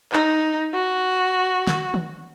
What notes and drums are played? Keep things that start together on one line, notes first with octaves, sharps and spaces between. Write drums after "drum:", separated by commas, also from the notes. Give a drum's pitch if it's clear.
D#4, drum: clap
F#4
drum: snare
drum: tom